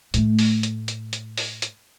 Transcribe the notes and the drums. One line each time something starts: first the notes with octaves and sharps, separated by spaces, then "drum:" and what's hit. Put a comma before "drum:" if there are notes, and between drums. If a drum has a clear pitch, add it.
A2 A3, drum: hi-hat
drum: open hi-hat
drum: hi-hat
drum: hi-hat
drum: hi-hat
drum: open hi-hat
drum: hi-hat